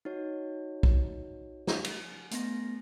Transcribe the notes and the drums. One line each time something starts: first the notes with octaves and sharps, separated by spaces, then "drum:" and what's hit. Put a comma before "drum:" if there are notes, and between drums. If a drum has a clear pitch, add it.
D#4 F#4 C#5
drum: kick B1
drum: snare
drum: cymbal
A3 B3 A#6, drum: hi-hat